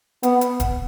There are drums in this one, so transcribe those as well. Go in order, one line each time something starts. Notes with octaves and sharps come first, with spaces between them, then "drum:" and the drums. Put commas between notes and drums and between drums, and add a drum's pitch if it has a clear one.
B3, drum: hi-hat
drum: hi-hat
drum: kick D#1, hi-hat